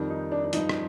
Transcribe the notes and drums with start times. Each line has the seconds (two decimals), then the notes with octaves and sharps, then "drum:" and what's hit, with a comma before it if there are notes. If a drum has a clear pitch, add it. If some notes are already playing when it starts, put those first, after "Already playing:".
Already playing: F2 D#3 G3
0.10 D#4
0.32 D4
0.44 D4
0.53 G2 F3 D#4, drum: hi-hat
0.69 drum: rim click